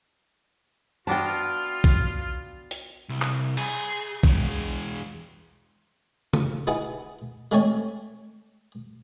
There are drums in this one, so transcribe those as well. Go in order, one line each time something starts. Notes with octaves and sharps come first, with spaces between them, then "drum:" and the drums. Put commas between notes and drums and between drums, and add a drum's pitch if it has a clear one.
B3 D4 F4 F#4 G5 A5
drum: kick B1
drum: hi-hat
C2
drum: clap
G#4, drum: cymbal
E2 G#3, drum: kick B1
F4, drum: tom C#3
D#4 E4 G#4 B4 F#5
G#3 A3 C4 C#4 C#5